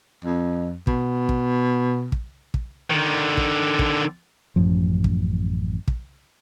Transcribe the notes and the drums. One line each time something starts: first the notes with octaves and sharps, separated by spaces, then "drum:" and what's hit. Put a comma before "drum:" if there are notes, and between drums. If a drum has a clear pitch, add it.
F2
B2, drum: kick
drum: kick
drum: kick
drum: kick
D3 D#3
drum: kick
drum: kick
A1 F#2 F3
drum: kick
drum: kick